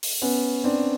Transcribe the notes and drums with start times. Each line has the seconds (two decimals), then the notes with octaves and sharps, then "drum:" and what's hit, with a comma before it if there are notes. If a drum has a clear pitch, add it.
0.03 drum: open hi-hat
0.22 B3 C#4
0.64 C4 D4